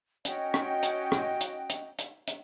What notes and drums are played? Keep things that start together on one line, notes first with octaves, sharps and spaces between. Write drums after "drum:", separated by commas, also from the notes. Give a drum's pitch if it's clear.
C#4 F#4 D#5 G5, drum: hi-hat
drum: rim click
drum: hi-hat
drum: rim click
drum: hi-hat
drum: hi-hat
drum: hi-hat
drum: hi-hat